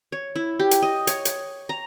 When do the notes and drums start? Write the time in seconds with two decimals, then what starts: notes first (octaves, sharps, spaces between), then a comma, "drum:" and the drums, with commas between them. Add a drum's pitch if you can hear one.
0.12 C#5
0.36 E4
0.59 G4
0.71 drum: hi-hat
0.82 D#5
1.07 C#5, drum: hi-hat
1.25 drum: hi-hat
1.69 A#5